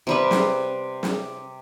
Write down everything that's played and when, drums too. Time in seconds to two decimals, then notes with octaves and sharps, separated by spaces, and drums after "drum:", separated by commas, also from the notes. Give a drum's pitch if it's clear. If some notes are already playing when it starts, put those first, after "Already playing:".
0.07 C3 G3 B4
0.31 drum: snare
1.03 drum: snare